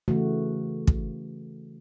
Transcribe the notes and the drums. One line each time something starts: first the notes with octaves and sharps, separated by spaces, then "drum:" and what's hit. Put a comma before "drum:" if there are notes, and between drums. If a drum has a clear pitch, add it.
C#3 E3 A3 F#4
drum: kick